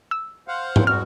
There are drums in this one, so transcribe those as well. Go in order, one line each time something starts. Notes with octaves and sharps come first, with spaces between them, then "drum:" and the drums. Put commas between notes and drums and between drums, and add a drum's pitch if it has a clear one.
E6
C5 F5 F#5
drum: tom G#2
G#3 F#4 F6